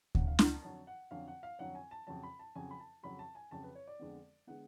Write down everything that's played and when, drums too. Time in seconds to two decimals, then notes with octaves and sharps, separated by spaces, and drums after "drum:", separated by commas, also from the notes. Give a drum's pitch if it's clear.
0.15 F2 D3 F#3 C#4 F#5, drum: kick D2
0.27 F5
0.39 F#5, drum: snare
0.51 A5
0.62 F2 D3 F#3 C#4 A5
0.87 F#5
1.11 F2 D3 F#3 C#4 F5
1.28 F#5
1.43 F5
1.59 F2 D3 F#3 C#4 F#5
1.75 G#5
1.91 A5
2.07 F2 C#3 F#3 A5
2.23 B5
2.39 A5
2.55 F2 C#3 F#3 G#5
2.71 B5
2.80 A5
3.03 F2 C#3 F#3 B5
3.19 A5
3.35 G#5
3.51 F2 C#3 F#3 A5
3.63 B4
3.75 C#5
3.88 D5
3.99 F2 D3 G#3 B3
4.47 D3 G#3 B3 F#5